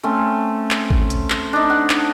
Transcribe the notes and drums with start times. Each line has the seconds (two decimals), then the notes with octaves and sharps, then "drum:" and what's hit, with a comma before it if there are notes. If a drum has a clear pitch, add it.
0.03 A3 C4 C#4
0.71 drum: clap
0.90 drum: kick G#1
1.10 drum: hi-hat
1.30 drum: clap
1.53 D4 D#4
1.70 F#5
1.90 drum: clap